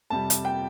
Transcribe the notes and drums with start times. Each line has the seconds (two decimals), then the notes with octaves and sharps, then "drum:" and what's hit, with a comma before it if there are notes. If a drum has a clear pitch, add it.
0.10 F2 C3 G3 A5
0.30 drum: hi-hat
0.45 G5